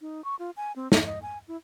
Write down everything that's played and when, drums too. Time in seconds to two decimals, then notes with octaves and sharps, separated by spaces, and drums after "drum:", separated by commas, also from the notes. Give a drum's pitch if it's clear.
0.01 D#4
0.24 C#6
0.39 F4
0.57 G#5
0.76 C4
0.92 D#4, drum: snare
1.06 D#5
1.22 G#5
1.48 E4